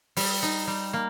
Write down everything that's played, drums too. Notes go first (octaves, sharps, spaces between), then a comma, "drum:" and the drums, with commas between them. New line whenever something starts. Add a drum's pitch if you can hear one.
G3, drum: open hi-hat
D#4
G3
A#3